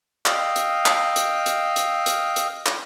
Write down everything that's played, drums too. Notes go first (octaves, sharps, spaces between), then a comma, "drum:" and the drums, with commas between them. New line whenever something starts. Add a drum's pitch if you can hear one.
D#5 F5 G5 E6 F6, drum: clap
drum: hi-hat
drum: clap
drum: hi-hat
drum: hi-hat
drum: hi-hat
drum: hi-hat
drum: hi-hat
drum: clap